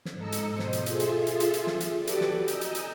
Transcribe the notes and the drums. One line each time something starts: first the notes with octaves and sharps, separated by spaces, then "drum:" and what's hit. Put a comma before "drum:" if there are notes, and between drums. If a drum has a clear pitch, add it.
drum: snare
G#2 A4 D#5 A#5 E6 C#7
drum: hi-hat
B2 C5 D#5
drum: snare
drum: hi-hat
F4 G#4 A4 E5 C6, drum: hi-hat
drum: hi-hat
drum: hi-hat
drum: hi-hat
drum: hi-hat
drum: snare
drum: hi-hat
F#4 G4 A4 B4 D5 D6
drum: hi-hat
drum: snare
D#5 G#5 A#5 E6 G6
drum: hi-hat
drum: hi-hat
drum: hi-hat